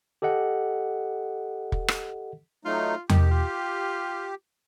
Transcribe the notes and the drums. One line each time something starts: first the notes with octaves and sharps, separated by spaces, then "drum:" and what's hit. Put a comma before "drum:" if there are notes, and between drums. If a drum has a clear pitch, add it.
G4 A4 D#5 F#5
drum: kick
drum: rim click
F#3 A3 D#4 F4
D#3 G4, drum: tom E2
F4